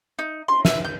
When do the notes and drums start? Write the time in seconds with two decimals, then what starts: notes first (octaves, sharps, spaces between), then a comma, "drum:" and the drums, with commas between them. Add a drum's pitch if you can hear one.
0.19 D#4
0.48 C6, drum: cymbal
0.65 E5, drum: snare
0.85 G6